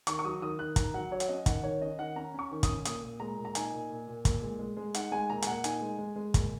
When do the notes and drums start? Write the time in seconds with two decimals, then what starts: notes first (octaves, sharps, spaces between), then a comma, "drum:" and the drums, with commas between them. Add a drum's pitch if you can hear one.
0.07 D#3 C#6, drum: hi-hat
0.19 C#6
0.24 F#3 D#6
0.41 D#3 D#6
0.59 D#3 F#6
0.76 D#3 A#5, drum: kick, hi-hat
0.94 F#3 F#5
1.11 F#3 C#5
1.20 F#5, drum: hi-hat
1.29 C#4 D#5
1.46 D#3 F#5, drum: kick, hi-hat
1.63 D#3 C#5
1.81 C#4 D#5
1.98 D#3 F#5
2.16 C#4 A#5
2.34 C#4 C#6
2.51 D#3
2.63 D#6, drum: kick, hi-hat
2.69 C#4
2.85 A#2 D#6, drum: hi-hat
3.03 A#2
3.20 G#3 A#5
3.38 A#2
3.45 A#5
3.55 D#4 G#5, drum: hi-hat
3.73 A#2
3.90 A#2
4.08 A#2
4.25 A#2, drum: kick, hi-hat
4.42 G#3
4.59 G#3
4.77 G#3
4.94 D#4 F#5, drum: hi-hat
5.12 G#3 G#5
5.30 A#2 A#5
5.42 G#5, drum: hi-hat
5.47 A#2 F#5
5.64 D#4 G#5, drum: hi-hat
5.81 G#3
5.99 G#3
6.16 G#3
6.34 A#2, drum: kick, hi-hat